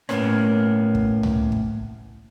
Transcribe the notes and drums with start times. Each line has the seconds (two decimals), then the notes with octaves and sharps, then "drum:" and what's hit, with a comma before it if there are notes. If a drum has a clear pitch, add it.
0.09 A2 A#3 B3 C#4, drum: rim click
0.95 drum: kick
1.23 drum: tom C#2
1.52 drum: kick